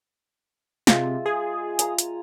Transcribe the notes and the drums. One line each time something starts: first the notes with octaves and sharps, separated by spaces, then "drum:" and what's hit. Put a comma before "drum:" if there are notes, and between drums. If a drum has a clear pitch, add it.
C3 G#3 F4 E5, drum: snare
G#4
G#5 A#5, drum: hi-hat
drum: hi-hat